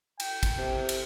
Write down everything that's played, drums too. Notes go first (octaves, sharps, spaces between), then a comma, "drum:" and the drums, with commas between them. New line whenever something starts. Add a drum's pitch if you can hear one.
G5, drum: cymbal
drum: kick, cymbal
C3
drum: cymbal